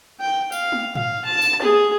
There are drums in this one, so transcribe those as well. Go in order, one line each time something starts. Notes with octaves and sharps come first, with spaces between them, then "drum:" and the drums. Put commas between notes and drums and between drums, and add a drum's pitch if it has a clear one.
G5
F5, drum: tambourine
drum: tom G#3
F5, drum: tom G#2
A5
drum: tambourine
G#4, drum: tom G#3